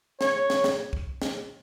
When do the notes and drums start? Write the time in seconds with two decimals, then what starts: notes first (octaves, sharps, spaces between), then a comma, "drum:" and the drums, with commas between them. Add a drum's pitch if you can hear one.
0.21 C#5, drum: snare
0.50 drum: snare
0.64 drum: snare
0.93 drum: kick
1.22 drum: snare